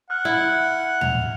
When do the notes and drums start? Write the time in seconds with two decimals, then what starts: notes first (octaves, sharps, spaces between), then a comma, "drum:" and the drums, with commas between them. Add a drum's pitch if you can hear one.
0.10 F#5 F6 F#6
0.25 E4
1.01 F7, drum: tom